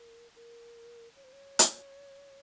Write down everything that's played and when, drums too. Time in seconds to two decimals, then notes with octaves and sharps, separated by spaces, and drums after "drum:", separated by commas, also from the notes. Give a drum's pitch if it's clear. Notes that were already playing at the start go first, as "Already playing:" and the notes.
Already playing: A#4
0.36 A#4
1.16 C#5
1.24 C5
1.33 C#5
1.59 drum: hi-hat